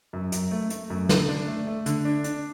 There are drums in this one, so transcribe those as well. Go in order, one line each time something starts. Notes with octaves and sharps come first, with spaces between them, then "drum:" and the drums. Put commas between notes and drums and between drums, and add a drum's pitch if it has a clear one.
F#2
F#2, drum: hi-hat
A3
A3, drum: hi-hat
F#2
D3, drum: snare
D4
A3
A3
D3, drum: hi-hat
D4
D4, drum: hi-hat